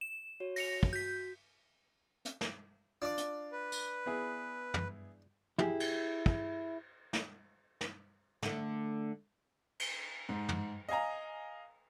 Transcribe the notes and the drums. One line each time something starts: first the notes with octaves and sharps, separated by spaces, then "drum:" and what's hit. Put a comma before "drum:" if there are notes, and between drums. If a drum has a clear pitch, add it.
E7
F#4 C#5
A#6 C#7 F7, drum: open hi-hat
drum: kick
F#4 G6 B6
drum: hi-hat
drum: snare
D4 F4 D5
drum: hi-hat
B4
drum: tambourine
B3 E4 G#4
drum: tom
E4 G4 G#4, drum: tom
drum: cymbal
drum: kick
drum: snare
drum: snare
D3 A3, drum: snare
drum: cymbal
G#2
drum: tom
D#5 F5 G#5 A#5